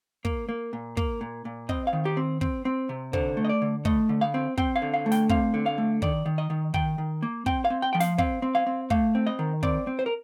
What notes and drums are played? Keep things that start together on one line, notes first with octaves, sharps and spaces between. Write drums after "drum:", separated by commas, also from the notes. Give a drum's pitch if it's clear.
A#3, drum: kick
A#3
A#2
A#3, drum: kick
A#2
A#2
C4 D#5, drum: kick
F5
D#3
G4
C4
C4, drum: kick
C4
C3
D3 C5, drum: kick
A3
D#5
D5
D3
A3 D#5, drum: kick
D3
F5
C4
C4 G5, drum: kick
F5
D3
F5
A3
G5, drum: snare
C4 F5, drum: kick
D3
F5
A3
D#3 D5, drum: kick
D#3
D#5
D#3
D#3 G5, drum: kick
D#3
A#3
C4 G5, drum: kick
F5
C4
G5
F3 G5
F5, drum: snare
C4 F5, drum: kick
C4
F5
C4
A3 F5, drum: kick
C4
D#5
D#3
C4 D5, drum: kick
C4
C5
A#4